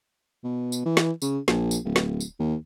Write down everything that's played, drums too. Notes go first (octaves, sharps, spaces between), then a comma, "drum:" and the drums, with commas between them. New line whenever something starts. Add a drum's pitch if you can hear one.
B2
drum: tambourine
E3
drum: snare
C#3, drum: tambourine
A#1, drum: snare
drum: tambourine
D1
drum: snare
drum: tambourine
D#2